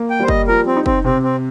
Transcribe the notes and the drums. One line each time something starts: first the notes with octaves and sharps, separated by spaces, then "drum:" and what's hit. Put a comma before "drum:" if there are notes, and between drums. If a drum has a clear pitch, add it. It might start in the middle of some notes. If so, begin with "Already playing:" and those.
Already playing: A#3
G5
G3 C5
D#5, drum: kick
F3 A#4
C4
D#4
C4, drum: kick
C3 C4
C4